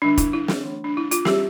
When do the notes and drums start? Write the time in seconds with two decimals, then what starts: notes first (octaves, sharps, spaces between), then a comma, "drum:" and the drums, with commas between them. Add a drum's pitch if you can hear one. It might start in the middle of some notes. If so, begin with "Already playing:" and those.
0.02 D3 G3 D4
0.18 E4, drum: kick, hi-hat
0.33 E4
0.48 drum: snare
0.63 E3 A3 D4
0.84 D4
0.97 E4
1.11 F4, drum: hi-hat
1.25 E3 G3 C#4 G4, drum: snare